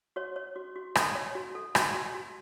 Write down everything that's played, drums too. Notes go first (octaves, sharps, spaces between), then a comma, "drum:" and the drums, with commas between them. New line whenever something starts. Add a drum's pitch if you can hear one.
F#4 C#5
C#5
F#4
F#4
A4, drum: rim click
C#5
F#4
A4
F#4, drum: rim click
F#4
F#4